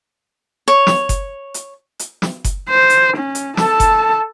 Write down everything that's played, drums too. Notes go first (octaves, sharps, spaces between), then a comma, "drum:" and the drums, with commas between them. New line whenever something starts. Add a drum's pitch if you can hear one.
C#5
drum: snare
drum: kick F#1, hi-hat
drum: hi-hat
drum: hi-hat
drum: snare
drum: kick F#1, hi-hat
C5
drum: hi-hat
C#4
drum: hi-hat
A4 A5, drum: snare
drum: kick F#1, hi-hat